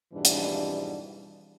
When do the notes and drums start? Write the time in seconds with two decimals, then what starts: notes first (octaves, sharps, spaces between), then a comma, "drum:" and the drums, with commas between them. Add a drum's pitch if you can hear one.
0.13 F2 G#2 B2 E3 G3 D4
0.25 drum: hi-hat